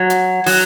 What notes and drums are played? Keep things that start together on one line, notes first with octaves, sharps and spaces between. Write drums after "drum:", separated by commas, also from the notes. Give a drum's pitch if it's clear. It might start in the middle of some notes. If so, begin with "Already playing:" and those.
Already playing: F#3
drum: hi-hat
F#3, drum: open hi-hat